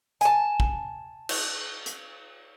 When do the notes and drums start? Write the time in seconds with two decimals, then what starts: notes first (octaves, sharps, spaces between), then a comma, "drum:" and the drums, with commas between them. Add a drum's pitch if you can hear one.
0.21 G#5 A5, drum: hi-hat
0.60 drum: kick
1.29 drum: cymbal
1.86 drum: hi-hat